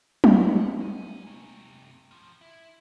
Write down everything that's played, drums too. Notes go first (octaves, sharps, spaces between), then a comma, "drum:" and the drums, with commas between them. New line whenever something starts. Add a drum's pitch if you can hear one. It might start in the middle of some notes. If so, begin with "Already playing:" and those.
drum: tom
F#5
C4 G#5
C3 A3
F3 C#4
E4